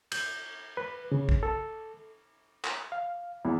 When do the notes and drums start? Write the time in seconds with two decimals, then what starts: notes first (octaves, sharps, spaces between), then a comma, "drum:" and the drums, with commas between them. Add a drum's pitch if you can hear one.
0.12 G6, drum: cymbal
0.77 B4
1.12 C#3
1.29 drum: kick
1.43 A4
2.65 drum: clap
2.92 F5
3.45 E2 E4